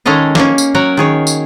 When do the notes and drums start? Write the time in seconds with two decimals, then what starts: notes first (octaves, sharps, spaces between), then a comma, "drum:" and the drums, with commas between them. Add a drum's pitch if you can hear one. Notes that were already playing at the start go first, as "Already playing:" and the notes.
0.06 D#3 G#3 C#4 A4 D#5 F5
0.35 A#3 C#4, drum: snare
0.58 drum: tambourine
0.75 F#3 F#4 A#4 C#5
0.97 D#3 G#4 C#5
1.27 drum: tambourine